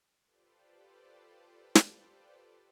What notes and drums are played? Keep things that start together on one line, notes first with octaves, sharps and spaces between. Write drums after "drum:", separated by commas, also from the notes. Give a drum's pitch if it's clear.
F4 G4 A4 B4 C5 D5
drum: snare